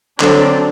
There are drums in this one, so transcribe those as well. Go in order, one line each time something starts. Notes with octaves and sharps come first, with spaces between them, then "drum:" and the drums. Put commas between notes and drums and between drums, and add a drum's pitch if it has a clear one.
D3 F#3 C4 D4, drum: clap